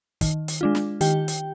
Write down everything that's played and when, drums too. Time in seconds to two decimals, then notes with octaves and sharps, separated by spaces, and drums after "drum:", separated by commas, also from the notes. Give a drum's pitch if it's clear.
0.21 D#3, drum: kick, hi-hat
0.48 drum: hi-hat
0.61 G#3 D4 F4
0.75 drum: snare
1.01 D#3 G4 G5, drum: hi-hat
1.28 drum: hi-hat